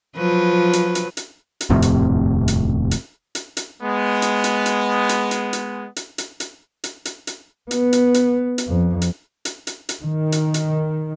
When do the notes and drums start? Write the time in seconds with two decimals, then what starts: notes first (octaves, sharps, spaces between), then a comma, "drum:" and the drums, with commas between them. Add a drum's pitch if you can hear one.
0.17 F3 F#3 B4
0.73 drum: hi-hat
0.95 drum: hi-hat
1.17 drum: hi-hat
1.61 drum: hi-hat
1.70 D#1 F2 A2 C3
1.82 drum: hi-hat
2.48 drum: hi-hat
2.91 drum: hi-hat
3.35 drum: hi-hat
3.57 drum: hi-hat
3.83 G#3 B3
4.22 drum: hi-hat
4.44 drum: hi-hat
4.66 drum: hi-hat
5.09 drum: hi-hat
5.31 drum: hi-hat
5.53 drum: hi-hat
5.96 drum: hi-hat
6.18 drum: hi-hat
6.40 drum: hi-hat
6.84 drum: hi-hat
7.05 drum: hi-hat
7.27 drum: hi-hat
7.71 B3, drum: hi-hat
7.93 drum: hi-hat
8.14 drum: hi-hat
8.58 drum: hi-hat
8.68 F2
9.02 drum: hi-hat
9.45 drum: hi-hat
9.67 drum: hi-hat
9.89 drum: hi-hat
10.04 D#3
10.32 drum: hi-hat
10.54 drum: hi-hat